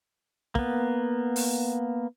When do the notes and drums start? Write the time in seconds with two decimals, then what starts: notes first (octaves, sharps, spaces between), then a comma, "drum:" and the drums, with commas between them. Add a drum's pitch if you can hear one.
0.55 A#3 B3, drum: kick
1.36 drum: open hi-hat